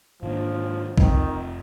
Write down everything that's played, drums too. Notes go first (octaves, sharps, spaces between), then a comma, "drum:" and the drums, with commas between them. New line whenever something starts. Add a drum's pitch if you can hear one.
G#2 D#3 F3 A#3 D4
F1 F2 C3 D#3, drum: kick